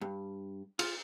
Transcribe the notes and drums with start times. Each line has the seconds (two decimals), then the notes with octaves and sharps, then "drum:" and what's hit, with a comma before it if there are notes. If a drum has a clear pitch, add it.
0.01 G2
0.79 F4, drum: cymbal